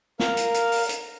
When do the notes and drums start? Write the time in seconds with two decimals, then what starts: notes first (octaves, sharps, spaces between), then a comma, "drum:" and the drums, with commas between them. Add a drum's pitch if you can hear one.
0.20 A#4 F5, drum: snare
0.37 drum: hi-hat
0.54 drum: hi-hat
0.72 drum: open hi-hat
0.89 drum: hi-hat